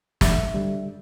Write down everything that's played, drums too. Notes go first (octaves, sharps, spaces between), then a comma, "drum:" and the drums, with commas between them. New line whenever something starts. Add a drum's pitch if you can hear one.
G2 E5, drum: snare
D3 G3